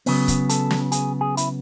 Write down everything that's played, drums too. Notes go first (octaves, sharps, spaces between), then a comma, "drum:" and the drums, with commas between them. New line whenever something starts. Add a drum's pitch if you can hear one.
C#3 F#3 B3, drum: open hi-hat
drum: kick, hi-hat
A4, drum: hi-hat
drum: snare
G#4, drum: hi-hat
G#4
E4, drum: hi-hat